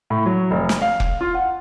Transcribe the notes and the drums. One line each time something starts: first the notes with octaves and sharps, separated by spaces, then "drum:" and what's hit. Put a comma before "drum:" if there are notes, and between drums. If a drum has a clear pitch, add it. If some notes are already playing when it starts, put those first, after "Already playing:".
A2
F#3
F1
drum: snare
F5
drum: kick F1
F4
F#5